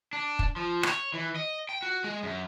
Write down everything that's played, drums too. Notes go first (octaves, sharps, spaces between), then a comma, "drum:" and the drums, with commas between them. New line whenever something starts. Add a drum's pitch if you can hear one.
D4
drum: kick
F3
C#5, drum: rim click
E3
D#5
G5
F#4
G#3
F#2